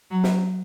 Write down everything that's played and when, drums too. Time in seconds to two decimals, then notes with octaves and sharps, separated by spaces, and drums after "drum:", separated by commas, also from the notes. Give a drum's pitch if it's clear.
0.11 F#3
0.24 drum: snare